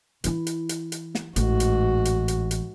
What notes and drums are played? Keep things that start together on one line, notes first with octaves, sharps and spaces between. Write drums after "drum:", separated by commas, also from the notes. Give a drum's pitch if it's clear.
E3 E4, drum: hi-hat
drum: hi-hat
drum: hi-hat
drum: hi-hat
drum: snare
A1 G#2 F#4, drum: hi-hat
drum: hi-hat
drum: hi-hat
drum: hi-hat
drum: hi-hat